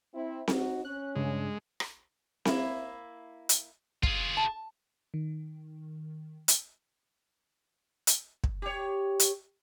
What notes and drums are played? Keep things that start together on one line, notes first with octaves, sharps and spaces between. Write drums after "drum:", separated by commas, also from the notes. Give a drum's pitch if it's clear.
C4 E4
D#4 F#4, drum: snare C4
C#4 F#6
G2 C#3 G#3 D4
drum: rim click
A#3 E4, drum: snare C4
drum: hi-hat
F4 G#4, drum: kick
A5
D#3
drum: hi-hat
drum: hi-hat
drum: kick
G4 C#5
drum: hi-hat